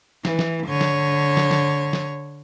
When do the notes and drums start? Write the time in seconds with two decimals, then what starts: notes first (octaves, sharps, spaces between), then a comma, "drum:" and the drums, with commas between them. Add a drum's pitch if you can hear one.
0.25 E3, drum: snare
0.39 drum: snare
0.67 D3 C#5
0.81 drum: snare
1.37 drum: snare
1.51 drum: snare
1.93 drum: snare